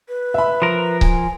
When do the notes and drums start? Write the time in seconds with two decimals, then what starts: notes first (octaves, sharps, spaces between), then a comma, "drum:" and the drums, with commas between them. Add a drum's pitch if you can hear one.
0.08 B4
0.34 E5 B5
0.62 F3 A#4
1.01 G#5, drum: kick C#1